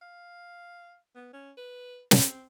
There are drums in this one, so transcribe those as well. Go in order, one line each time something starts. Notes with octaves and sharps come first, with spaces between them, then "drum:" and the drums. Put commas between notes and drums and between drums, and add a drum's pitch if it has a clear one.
F5
B3
C#4
B4
drum: snare
C4